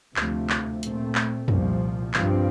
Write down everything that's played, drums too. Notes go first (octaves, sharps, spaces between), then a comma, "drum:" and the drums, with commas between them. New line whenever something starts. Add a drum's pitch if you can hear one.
D2 C3 F3 A3, drum: clap
drum: clap
A#2 A3 C4, drum: hi-hat
drum: clap
C2 A#2 F3, drum: tom F2
G2 F3 C4, drum: clap